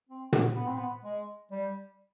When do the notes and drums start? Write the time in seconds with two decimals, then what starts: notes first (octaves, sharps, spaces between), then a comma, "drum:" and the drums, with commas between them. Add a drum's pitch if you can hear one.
0.09 C4
0.33 drum: tom
0.56 B3
0.67 C4
0.78 B3
1.04 G#3
1.52 G3